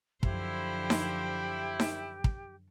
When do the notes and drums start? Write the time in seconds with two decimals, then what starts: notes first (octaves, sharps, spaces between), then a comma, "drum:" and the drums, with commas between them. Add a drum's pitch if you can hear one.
0.23 F#2 D3 F3 E4 G4 C5, drum: kick
0.90 drum: snare D#4
1.80 drum: snare D#4
2.24 drum: kick